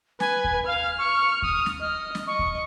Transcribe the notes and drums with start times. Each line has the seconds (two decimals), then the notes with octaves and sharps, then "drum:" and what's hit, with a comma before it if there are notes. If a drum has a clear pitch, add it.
0.20 B4 G#5, drum: snare
0.44 drum: kick D#2
0.67 F5 F6
0.98 C#6
1.42 D#6, drum: kick D#2
1.66 drum: snare
1.81 D#5 F6
2.15 drum: snare
2.27 D#5 C#6
2.39 drum: kick D#2